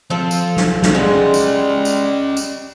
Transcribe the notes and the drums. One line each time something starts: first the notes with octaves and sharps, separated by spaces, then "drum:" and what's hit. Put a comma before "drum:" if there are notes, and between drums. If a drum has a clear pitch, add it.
F3 C4 F4 A4
drum: tambourine
drum: snare
E2 A2, drum: snare
G3 G#3 C#4 D#5 F#5
drum: tambourine
drum: tambourine
drum: tambourine